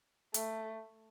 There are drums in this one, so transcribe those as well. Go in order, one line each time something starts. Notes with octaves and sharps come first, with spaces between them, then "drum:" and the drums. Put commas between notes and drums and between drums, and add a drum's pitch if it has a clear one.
A3, drum: hi-hat